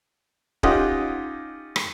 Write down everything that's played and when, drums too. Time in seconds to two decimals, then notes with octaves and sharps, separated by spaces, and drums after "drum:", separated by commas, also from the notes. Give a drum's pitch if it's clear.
0.63 C#4 D#4 F4 G4 D#5 F#5, drum: kick D1
1.76 drum: rim click